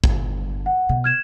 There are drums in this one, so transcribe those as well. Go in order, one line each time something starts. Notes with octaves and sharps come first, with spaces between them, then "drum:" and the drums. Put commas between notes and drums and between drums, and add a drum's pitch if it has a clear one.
G1 G2, drum: kick
F#5
B2
F6 G#6 E7